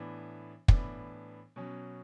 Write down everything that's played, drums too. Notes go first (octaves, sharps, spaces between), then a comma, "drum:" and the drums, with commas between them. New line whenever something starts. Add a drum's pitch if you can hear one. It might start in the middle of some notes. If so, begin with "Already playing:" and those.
Already playing: A2 E3 B3 D4
A2 E3 B3 D4, drum: kick
B2 F#3 C#4